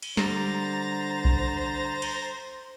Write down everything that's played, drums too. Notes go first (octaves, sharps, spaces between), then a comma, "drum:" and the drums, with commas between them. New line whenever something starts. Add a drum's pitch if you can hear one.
drum: cymbal
D3 G3 C5 A#5 A6 A#6, drum: snare
drum: kick B1
drum: cymbal